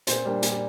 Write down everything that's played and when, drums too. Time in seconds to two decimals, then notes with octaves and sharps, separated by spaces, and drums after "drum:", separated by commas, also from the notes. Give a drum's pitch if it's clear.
0.07 A#2 C5, drum: hi-hat
0.25 G3 A#3 D4
0.43 A#2, drum: hi-hat